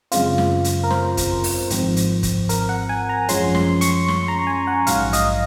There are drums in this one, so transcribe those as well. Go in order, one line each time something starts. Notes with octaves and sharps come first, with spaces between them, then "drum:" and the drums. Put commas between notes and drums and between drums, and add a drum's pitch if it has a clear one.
F#2 C#3 G#3 C4 F4, drum: hi-hat
drum: snare
drum: hi-hat
A#4
C5, drum: snare
drum: kick, hi-hat
drum: open hi-hat
G#1 G#2 F3 C4, drum: hi-hat
drum: hi-hat
drum: kick, hi-hat
A#4, drum: hi-hat
F#5
G#5
A#5
F#2 F3 G#3 C#4 C6, drum: hi-hat
C6, drum: snare
C#6, drum: hi-hat
C6, drum: snare
A#5
G#5
F#5
A#1 G#2 F#3 F5, drum: hi-hat
D#5, drum: hi-hat